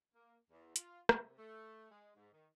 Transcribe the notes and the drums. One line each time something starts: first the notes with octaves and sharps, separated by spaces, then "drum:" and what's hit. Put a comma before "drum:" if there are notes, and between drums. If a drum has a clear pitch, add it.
A#3
E2
F4, drum: hi-hat
C3, drum: rim click
A3
G#3
G#2
D#3